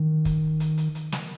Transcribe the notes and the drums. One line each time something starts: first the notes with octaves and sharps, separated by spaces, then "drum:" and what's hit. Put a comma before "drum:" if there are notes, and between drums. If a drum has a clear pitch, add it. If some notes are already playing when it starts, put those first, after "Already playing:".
Already playing: D#3
drum: kick, hi-hat
drum: hi-hat
drum: hi-hat
drum: hi-hat
drum: snare